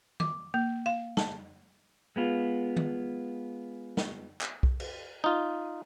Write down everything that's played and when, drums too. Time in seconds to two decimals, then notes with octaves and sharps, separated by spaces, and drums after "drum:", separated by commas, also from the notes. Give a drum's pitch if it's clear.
0.20 D6, drum: tom D#3
0.54 A#3
0.86 F5
1.17 A5, drum: snare
2.16 G#3 B3 F4
2.77 drum: tom D#3
3.97 drum: snare
4.41 drum: clap
4.63 drum: kick B1
4.80 drum: cymbal
5.24 D#4 F4